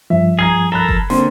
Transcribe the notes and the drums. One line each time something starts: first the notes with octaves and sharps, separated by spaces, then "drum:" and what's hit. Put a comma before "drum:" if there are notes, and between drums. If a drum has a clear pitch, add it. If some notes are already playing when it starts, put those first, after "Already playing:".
G2 F3 E5
G#4 A#5 G#6 C7
A4 A#4 A#5 B5 F#6
drum: kick F#1
D3 A#3 C4 C6, drum: snare